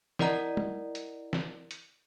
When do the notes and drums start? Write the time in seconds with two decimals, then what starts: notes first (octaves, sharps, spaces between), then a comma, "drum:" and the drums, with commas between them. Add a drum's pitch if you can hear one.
0.19 E4 A#4 D5 D#5 F#5 A#5, drum: snare
0.57 drum: tom G3
0.95 drum: hi-hat
1.33 drum: snare
1.71 drum: hi-hat